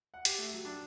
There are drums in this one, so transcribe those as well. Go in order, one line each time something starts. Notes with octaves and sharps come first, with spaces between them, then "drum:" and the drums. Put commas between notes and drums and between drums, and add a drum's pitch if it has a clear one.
F#5
G4, drum: hi-hat
A3
F#3
D4